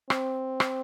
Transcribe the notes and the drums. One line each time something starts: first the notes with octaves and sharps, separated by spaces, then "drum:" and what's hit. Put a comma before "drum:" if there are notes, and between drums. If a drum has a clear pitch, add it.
C4, drum: rim click
drum: rim click